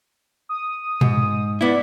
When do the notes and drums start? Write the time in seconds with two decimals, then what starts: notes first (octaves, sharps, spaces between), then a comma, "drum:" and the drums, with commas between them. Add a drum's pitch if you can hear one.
0.49 D#6
1.01 G#2, drum: tom A#2
1.61 B3 E4 D5